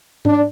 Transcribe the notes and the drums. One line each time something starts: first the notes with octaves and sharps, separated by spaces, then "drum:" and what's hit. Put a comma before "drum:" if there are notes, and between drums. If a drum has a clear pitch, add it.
D4, drum: tom G#2